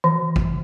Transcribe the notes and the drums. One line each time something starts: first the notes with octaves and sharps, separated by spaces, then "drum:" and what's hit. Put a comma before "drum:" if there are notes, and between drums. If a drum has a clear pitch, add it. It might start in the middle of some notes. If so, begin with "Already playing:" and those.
E3
drum: kick